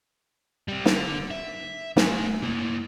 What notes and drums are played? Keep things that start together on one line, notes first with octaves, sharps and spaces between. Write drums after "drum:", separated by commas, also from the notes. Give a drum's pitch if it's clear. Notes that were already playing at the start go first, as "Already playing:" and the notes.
G3 C4
D3, drum: snare
E5
A3 G#5, drum: snare
A#3 E4